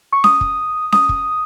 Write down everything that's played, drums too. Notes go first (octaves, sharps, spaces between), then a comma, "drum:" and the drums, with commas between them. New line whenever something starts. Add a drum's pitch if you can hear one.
C#6
D#6, drum: snare C#4
drum: kick
D#6, drum: snare C#4
drum: kick